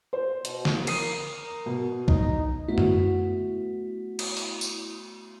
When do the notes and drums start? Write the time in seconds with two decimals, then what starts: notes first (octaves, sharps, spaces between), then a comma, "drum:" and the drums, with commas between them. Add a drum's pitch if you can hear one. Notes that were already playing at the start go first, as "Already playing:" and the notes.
0.13 C5
0.45 B2, drum: hi-hat
0.65 drum: snare
0.87 A#4 D#6 C7 D#7, drum: cymbal
1.66 B2
2.08 D#4, drum: kick B1
2.68 A3 B3 E4 F#4
2.78 drum: tom F#2
4.19 drum: cymbal
4.37 drum: open hi-hat
4.61 drum: tambourine